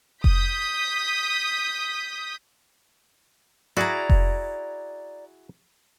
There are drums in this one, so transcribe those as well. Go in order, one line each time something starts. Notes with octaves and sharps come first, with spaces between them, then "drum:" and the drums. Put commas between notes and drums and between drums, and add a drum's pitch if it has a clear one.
D#6 G6 B6, drum: kick F1
E4 F#4 G#4 D5 A#5
drum: kick F1